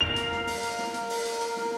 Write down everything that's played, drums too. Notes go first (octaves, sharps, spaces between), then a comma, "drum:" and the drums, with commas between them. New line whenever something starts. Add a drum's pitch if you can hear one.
A#4 F5 F7
drum: hi-hat
drum: snare
drum: open hi-hat
drum: hi-hat
drum: snare
drum: hi-hat
drum: open hi-hat
drum: hi-hat
drum: hi-hat
drum: snare